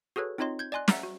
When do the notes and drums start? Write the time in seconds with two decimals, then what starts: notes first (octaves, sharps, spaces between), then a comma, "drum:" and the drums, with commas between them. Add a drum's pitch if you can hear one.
0.16 F#4 G#4 A4 B4 C#5
0.38 C4 D#4 F4 C#5 D#5 C6
0.59 G6 G#6
0.72 D5 D#5 G#5 C6 F#6
0.88 E5 F#5 A#5 E6 A6, drum: snare
1.03 F#4